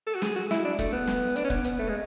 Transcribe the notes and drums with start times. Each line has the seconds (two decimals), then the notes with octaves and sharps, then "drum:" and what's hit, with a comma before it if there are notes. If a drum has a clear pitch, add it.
0.07 A4
0.15 F#4
0.22 G#4, drum: snare
0.36 F#4
0.51 E4, drum: snare
0.64 D4
0.79 A3, drum: kick, hi-hat
0.93 B3
1.07 drum: snare
1.36 D4, drum: hi-hat
1.44 C#4
1.50 B3, drum: kick
1.65 B3, drum: hi-hat
1.79 A3
1.89 G#3